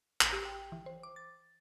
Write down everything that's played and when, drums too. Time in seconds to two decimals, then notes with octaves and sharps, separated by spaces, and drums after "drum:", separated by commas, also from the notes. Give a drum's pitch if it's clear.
0.21 A1, drum: clap
0.33 G4
0.45 G5
0.72 E3
0.86 C5
1.03 D6
1.16 A6